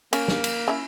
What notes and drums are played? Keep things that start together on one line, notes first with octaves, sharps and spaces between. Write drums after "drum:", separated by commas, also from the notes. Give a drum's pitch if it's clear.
A#3 C#4, drum: cymbal
drum: snare
drum: cymbal
C#4 E4